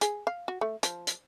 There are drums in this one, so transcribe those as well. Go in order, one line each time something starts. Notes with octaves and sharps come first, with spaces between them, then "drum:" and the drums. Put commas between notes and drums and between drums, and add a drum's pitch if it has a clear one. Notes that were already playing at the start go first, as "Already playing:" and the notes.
G#4, drum: hi-hat
F5
F#4
A3
F3, drum: hi-hat
drum: hi-hat